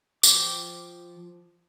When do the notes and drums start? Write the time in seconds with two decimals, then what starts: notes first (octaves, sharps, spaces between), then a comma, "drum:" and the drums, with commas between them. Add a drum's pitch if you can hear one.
0.23 F3 F4 G5 D6, drum: tambourine